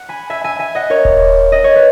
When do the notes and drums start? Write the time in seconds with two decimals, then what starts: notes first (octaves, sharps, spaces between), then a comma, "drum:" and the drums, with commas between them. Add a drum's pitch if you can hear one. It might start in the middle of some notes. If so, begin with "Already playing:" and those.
Already playing: F#5
0.09 G#5 B5
0.30 E5 G#5
0.44 E5 G#5
0.59 E5 G#5
0.75 D#5 F#5
0.90 A#4 C#5
1.05 drum: kick D#1
1.52 D#5
1.64 C#5
1.76 B4